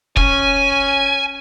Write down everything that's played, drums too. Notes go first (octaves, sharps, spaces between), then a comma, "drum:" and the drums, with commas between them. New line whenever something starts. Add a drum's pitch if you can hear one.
C#4 G#5, drum: kick